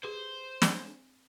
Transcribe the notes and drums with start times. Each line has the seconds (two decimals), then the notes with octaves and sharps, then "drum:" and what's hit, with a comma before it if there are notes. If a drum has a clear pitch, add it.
0.03 G4 G#4 B4 C5
0.62 C4, drum: snare